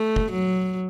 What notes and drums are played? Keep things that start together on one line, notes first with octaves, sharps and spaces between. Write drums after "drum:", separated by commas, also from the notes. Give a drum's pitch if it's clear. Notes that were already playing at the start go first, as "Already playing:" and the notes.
Already playing: A3
drum: kick
F#3